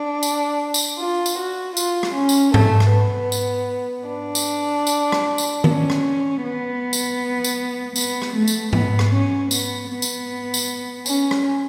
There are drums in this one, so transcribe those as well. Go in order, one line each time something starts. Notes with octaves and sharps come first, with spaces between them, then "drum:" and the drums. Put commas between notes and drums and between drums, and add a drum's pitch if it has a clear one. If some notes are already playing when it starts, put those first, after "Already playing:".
Already playing: D4
drum: tambourine
drum: tambourine
F4
drum: tambourine
F#4
F4, drum: tambourine
drum: rim click
C#4
drum: tambourine
A3, drum: tom G#2
drum: rim click
B3
drum: tambourine
D4
drum: tambourine
drum: tambourine
drum: rim click
drum: tambourine
C#4, drum: tom D#3
drum: rim click
B3
drum: tambourine
drum: tambourine
B3, drum: tambourine
drum: rim click
A3
drum: tambourine
B3, drum: tom G#2
drum: rim click
C#4
B3, drum: tambourine
B3
drum: tambourine
drum: tambourine
C#4, drum: tambourine
drum: rim click